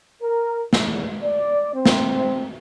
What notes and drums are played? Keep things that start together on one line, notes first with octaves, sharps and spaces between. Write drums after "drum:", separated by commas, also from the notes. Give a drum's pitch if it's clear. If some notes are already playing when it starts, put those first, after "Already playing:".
A#4
E2, drum: snare
D5
C4
drum: snare